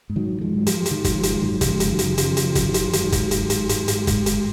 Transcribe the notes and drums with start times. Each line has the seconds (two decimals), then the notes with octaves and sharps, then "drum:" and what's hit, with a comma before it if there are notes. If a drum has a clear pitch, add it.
0.10 G#2
0.16 D#3 F#3
0.28 G#2
0.41 F3 G#3
0.48 G#2
0.57 F#3
0.67 G#2 F3, drum: hi-hat
0.86 G#2, drum: hi-hat
0.91 D#3
1.04 G#2 F#3, drum: kick, hi-hat
1.17 F3
1.23 G#2, drum: hi-hat
1.42 F#2 D#3 F#3
1.61 C#3, drum: kick, hi-hat
1.67 F3 G#3
1.80 C#3, drum: hi-hat
1.92 D#3 F#3
1.99 F#2, drum: hi-hat
2.18 C#3 F3, drum: hi-hat
2.37 F#2, drum: hi-hat
2.43 F3
2.55 F#2, drum: kick, hi-hat
2.68 D#3 F#3
2.74 F#2, drum: hi-hat
2.93 G#2 D#3 F#3, drum: hi-hat
3.12 G#2, drum: kick, hi-hat
3.31 G#2, drum: hi-hat
3.50 G#2, drum: hi-hat
3.69 G#2, drum: hi-hat
3.88 G#2, drum: hi-hat
4.07 G#2, drum: kick, hi-hat
4.26 G#2, drum: hi-hat